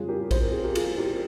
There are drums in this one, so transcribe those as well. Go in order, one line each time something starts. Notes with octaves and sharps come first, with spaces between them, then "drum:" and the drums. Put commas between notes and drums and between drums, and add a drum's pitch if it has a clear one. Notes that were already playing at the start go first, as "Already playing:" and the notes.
Already playing: F2 C#3 G3 C#4 F4 G#4
G4 A#4
C5, drum: kick, cymbal
A#4
G#4
G4 A#4
F4 G#4, drum: cymbal
G4 A#4